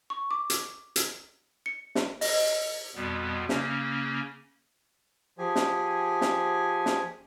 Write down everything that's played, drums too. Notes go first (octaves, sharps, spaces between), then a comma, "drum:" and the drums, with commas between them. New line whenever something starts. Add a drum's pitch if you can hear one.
C#6
D6
drum: hi-hat
drum: hi-hat
C#7
drum: snare
D#5, drum: open hi-hat
F2 B2 G3 B3
C#3 A#3 C#4, drum: snare
F3 G4 G#4 G#5
drum: snare
drum: snare
drum: snare